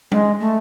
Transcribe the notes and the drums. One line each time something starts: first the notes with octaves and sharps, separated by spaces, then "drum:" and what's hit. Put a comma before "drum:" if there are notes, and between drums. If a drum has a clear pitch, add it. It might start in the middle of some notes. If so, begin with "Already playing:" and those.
G#3, drum: tom F#3
A3